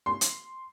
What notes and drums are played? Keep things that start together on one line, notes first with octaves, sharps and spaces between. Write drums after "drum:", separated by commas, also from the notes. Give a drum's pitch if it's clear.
C6
drum: hi-hat